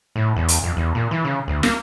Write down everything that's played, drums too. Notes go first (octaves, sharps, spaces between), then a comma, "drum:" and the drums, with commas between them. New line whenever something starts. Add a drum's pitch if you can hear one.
A2
E2
drum: hi-hat
F2
E2
A#2
E3
C#3
D2
A#3, drum: snare